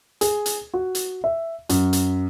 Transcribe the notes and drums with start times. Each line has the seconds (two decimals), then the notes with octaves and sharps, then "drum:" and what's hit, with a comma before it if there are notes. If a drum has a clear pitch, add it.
0.21 G#4, drum: hi-hat
0.46 drum: hi-hat
0.74 F#4
0.95 drum: hi-hat
1.24 E5
1.69 F#2, drum: hi-hat
1.93 drum: hi-hat